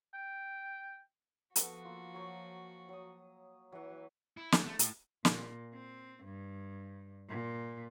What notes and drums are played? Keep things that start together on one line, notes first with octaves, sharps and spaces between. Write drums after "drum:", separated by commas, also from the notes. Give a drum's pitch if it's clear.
G5
F3 B3 F#4 A4 B4, drum: hi-hat
A#3 F4
F#3 C#5 G5
F#3 D#6
E3 F#3 F#5
E4
D2, drum: snare
A3
A2, drum: hi-hat
A#2, drum: snare
C4
G2
A#2